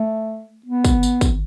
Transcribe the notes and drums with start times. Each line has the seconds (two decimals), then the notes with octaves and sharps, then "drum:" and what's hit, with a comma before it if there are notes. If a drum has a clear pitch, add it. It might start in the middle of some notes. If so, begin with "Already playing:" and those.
Already playing: A3
0.66 B3
0.85 drum: kick, tambourine
1.03 drum: tambourine
1.21 drum: kick, tambourine